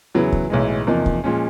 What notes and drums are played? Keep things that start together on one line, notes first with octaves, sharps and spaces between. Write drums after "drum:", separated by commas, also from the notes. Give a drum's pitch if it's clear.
E2 C#3 F#3 B3 E4
drum: kick
B1 A2 E3 G#3
E2 C3 F3 A#3 D#4
drum: kick
A#2 F3 G#3 C#4